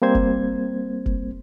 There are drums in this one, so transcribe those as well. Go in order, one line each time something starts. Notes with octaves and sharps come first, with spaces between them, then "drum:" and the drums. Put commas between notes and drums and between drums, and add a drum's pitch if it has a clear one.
G3 A#3 C4 C5 G#6
drum: kick F1
drum: kick F1